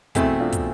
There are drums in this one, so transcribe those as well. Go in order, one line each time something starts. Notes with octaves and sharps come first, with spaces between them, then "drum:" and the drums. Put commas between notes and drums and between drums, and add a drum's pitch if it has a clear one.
E2 B2 A3 C4 E4 G#4, drum: kick, hi-hat
D4 F4
drum: kick, hi-hat